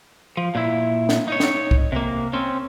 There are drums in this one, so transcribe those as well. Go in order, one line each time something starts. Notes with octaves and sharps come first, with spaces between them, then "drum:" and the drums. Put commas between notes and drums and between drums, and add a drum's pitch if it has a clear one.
F3
A#2 E4
drum: snare
D#4 C#5
drum: snare
drum: kick C2
C3 A#3
C4 C#4